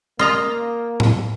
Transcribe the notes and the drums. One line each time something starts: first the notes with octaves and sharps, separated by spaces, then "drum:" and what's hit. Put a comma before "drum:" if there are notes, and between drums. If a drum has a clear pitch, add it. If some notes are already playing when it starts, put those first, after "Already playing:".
A#3 F4 D#5 A#5
drum: tom A2